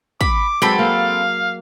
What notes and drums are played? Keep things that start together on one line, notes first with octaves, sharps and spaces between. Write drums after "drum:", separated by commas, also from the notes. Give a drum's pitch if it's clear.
B5 D6, drum: kick
F#3 G#3 C4 A4 B4 B5
A#3 F5